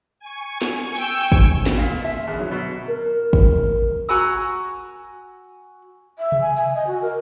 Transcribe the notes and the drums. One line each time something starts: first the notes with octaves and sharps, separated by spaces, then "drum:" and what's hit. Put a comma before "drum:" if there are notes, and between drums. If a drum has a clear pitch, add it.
G#5 C#6
drum: snare
G5 E6, drum: hi-hat
drum: kick
B2, drum: snare
A#2
E5
E2
F#3
B2
A#4
drum: kick
F#4 G#5 A#5 E6
E5
drum: tom C3
G#5
G#5, drum: tambourine
D#5
F#4
A#4